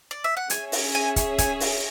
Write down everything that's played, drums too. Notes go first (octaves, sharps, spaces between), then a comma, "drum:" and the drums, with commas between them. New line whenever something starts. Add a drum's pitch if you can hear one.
D5
E5
F#5
C#4 G#4 C#5 E5 G#5, drum: hi-hat
drum: open hi-hat
G#5
drum: kick, hi-hat
G#5, drum: kick, hi-hat
drum: open hi-hat